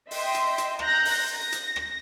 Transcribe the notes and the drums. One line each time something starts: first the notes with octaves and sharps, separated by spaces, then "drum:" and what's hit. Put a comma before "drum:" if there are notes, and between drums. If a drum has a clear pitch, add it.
D#5 E5 G5 C6, drum: open hi-hat
drum: hi-hat
drum: hi-hat
A#5 F#6 G6 A#6, drum: rim click
drum: open hi-hat
A#6
drum: hi-hat
drum: rim click